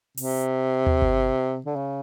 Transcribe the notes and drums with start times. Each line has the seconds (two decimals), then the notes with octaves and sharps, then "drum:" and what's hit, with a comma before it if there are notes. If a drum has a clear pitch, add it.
0.17 C3, drum: open hi-hat
0.87 drum: tom D#2
1.02 drum: kick G1
1.66 D3
1.76 C#3